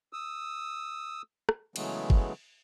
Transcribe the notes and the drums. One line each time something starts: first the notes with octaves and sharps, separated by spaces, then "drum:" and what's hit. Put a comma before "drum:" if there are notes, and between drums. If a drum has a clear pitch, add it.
D#6 E6
drum: rim click
C#3 E3 F#3 G#3 A3 B3, drum: cymbal
drum: kick G1